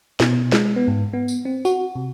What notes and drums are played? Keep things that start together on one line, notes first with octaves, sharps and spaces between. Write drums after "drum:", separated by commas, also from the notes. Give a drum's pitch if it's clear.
B2, drum: snare
G#3, drum: snare
B3
G#2
B3
drum: tambourine
C4
F#4, drum: tambourine
C3